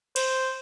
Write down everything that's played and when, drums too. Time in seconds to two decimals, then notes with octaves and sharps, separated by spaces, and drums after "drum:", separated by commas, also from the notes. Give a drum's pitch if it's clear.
0.16 C5, drum: cymbal